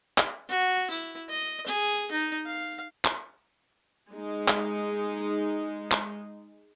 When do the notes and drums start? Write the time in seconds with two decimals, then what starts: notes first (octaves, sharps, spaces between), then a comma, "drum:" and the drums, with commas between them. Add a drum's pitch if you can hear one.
0.18 drum: clap
0.49 F#4
0.90 E4
1.29 D#5
1.66 G#4
2.11 D#4
2.46 F5
3.05 drum: clap
4.12 G#3 D#4
4.48 drum: clap
5.92 drum: clap